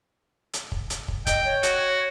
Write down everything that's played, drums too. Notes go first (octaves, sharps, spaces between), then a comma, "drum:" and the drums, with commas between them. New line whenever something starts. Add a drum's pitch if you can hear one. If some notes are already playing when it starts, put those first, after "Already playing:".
drum: hi-hat
drum: kick
drum: hi-hat
drum: kick
D#5 G5, drum: kick, hi-hat
C#5
F#4, drum: hi-hat